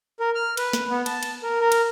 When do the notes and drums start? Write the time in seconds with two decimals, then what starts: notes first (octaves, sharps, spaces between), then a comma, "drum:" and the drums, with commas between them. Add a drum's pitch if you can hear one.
0.20 A#4
0.35 F6
0.57 B4, drum: cymbal
0.73 drum: snare
0.90 B3
1.06 A5, drum: cymbal
1.23 drum: cymbal
1.43 A#4
1.60 A#4
1.72 drum: cymbal